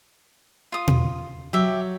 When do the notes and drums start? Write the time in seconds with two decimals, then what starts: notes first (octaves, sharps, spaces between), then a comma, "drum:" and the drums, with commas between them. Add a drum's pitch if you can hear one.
0.72 F4 D#6
0.88 drum: tom B2
1.53 F#3 G4 E5